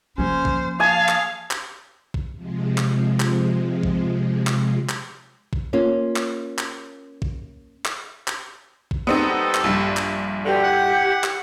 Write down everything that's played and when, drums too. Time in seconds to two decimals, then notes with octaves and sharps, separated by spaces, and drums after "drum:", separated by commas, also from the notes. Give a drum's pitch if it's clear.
0.18 F3 A#3 C#4 C5
0.45 drum: kick
0.80 F5 G#5 A5 D#6
1.08 drum: clap
1.51 drum: clap
2.14 drum: kick
2.35 C3 F3 G#3
2.78 drum: clap
3.20 drum: clap
3.83 drum: kick
4.47 drum: clap
4.89 drum: clap
5.53 drum: kick
5.73 A#3 C#4 F4
6.16 drum: clap
6.58 drum: clap
7.22 drum: kick
7.85 drum: clap
8.28 drum: clap
8.91 drum: kick
9.07 G3 B3 C4 D#4 A4
9.54 drum: clap
9.64 A#1 G2
9.97 drum: clap
10.45 B2 D3 G4
10.63 E4 F#5
11.24 drum: clap